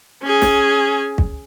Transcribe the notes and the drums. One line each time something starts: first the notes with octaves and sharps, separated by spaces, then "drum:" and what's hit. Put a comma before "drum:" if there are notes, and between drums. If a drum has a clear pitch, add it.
C#4 G#4
drum: snare
drum: kick